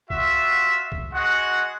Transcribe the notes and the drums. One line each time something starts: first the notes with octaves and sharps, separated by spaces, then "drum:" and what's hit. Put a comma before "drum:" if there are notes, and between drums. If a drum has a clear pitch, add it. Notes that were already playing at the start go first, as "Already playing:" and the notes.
F4 F#4 E5, drum: kick
drum: kick
G#3 F#4 F#5